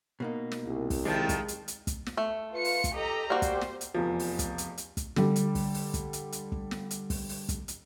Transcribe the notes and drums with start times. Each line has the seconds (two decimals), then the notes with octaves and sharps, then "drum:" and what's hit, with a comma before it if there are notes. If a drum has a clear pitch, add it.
0.20 B2 A#3 D#4
0.52 drum: snare
0.65 C2
0.90 drum: kick, open hi-hat
1.05 D#3 F3 G#3 A3
1.29 drum: kick, hi-hat
1.48 drum: hi-hat
1.68 drum: hi-hat
1.87 drum: kick, hi-hat
2.06 drum: snare
2.17 A3
2.53 F4 B4 C#7
2.65 drum: open hi-hat
2.84 drum: kick, hi-hat
2.94 G4 A4 D#5 A#5
3.30 G3 A#3 F#4 G4 C5
3.42 drum: kick, hi-hat
3.61 drum: snare
3.81 drum: hi-hat
3.94 F1 E2 F3
4.19 drum: open hi-hat
4.39 drum: kick, hi-hat
4.58 drum: hi-hat
4.78 drum: hi-hat
4.97 drum: kick, hi-hat
5.16 D3 G3, drum: snare
5.36 drum: hi-hat
5.55 drum: kick, open hi-hat
5.74 drum: open hi-hat
5.94 drum: kick, hi-hat
6.13 drum: hi-hat
6.32 drum: hi-hat
6.52 drum: kick
6.71 drum: snare
6.91 drum: hi-hat
7.10 drum: kick, open hi-hat
7.29 drum: open hi-hat
7.49 drum: kick, hi-hat
7.68 drum: hi-hat